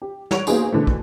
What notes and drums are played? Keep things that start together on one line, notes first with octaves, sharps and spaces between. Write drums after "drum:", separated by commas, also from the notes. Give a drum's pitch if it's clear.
G4
G3 C#5 F#5 D7 F7, drum: snare
A#3 B3 D#4 F#4 G#4 C5, drum: tambourine
B2 D3 E3 A3
drum: kick